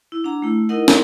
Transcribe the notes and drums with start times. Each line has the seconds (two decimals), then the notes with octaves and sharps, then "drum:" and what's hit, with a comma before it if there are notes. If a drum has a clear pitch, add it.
0.12 E4
0.24 D4 F#5 A#5
0.42 A3 E4
0.69 D#4 E4 A#4 D#5 F#5
0.88 drum: snare